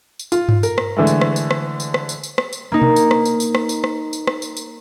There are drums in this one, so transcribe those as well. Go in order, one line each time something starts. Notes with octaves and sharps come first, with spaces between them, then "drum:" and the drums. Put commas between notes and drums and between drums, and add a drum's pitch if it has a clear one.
drum: tambourine
F4, drum: tambourine
drum: tom G2
A#4, drum: tambourine
drum: rim click
D3 E3 G#3 A3
drum: tambourine
drum: rim click
drum: tambourine
drum: rim click
drum: tambourine
drum: rim click
drum: tambourine
drum: tambourine
drum: rim click
drum: tambourine
A#3 D#4
drum: tom B2
drum: tambourine
drum: rim click
drum: tambourine
drum: tambourine
drum: rim click
drum: tambourine
drum: rim click
drum: tambourine
drum: rim click
drum: tambourine
drum: tambourine